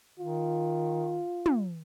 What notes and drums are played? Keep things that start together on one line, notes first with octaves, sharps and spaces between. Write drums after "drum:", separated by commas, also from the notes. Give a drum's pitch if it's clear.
D#3 F4
drum: tom